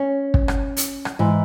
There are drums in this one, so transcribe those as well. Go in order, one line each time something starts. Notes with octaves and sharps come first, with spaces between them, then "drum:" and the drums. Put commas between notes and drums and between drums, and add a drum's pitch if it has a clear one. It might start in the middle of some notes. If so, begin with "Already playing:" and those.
Already playing: C#4
drum: kick
drum: rim click
drum: hi-hat
drum: rim click
G#2 E3